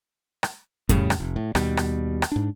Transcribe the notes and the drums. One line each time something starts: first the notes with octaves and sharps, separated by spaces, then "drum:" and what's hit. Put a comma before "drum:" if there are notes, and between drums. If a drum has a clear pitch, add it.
drum: rim click
A2 C#3 G3, drum: kick F2, hi-hat
drum: rim click
F1
A2
D#2 B2 G3, drum: rim click
drum: rim click
drum: rim click
G#2 D4